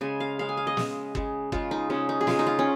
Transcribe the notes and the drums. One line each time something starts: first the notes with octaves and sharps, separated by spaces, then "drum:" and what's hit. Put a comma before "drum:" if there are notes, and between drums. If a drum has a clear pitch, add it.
C#3 G#3 G#5
F5
C#3 G#3 F5
G#5
F5
D#5
C#3 G#3, drum: snare
C#3 G#3, drum: kick
C#3 G#3 F4, drum: kick
D#4
C#3 G#3 C#4
D#4
G#4
C#3 G#3 F4, drum: snare
D#4
F4
C#4